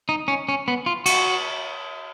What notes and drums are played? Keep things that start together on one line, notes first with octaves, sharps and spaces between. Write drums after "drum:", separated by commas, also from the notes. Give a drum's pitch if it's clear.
D#4
C#4
C#4
B3
F4
F#4, drum: cymbal